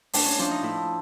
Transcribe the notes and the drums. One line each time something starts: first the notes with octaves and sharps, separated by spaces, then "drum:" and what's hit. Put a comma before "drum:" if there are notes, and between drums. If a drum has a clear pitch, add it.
A2 D4, drum: open hi-hat
C#4
F3 D4
D#4
A2 E4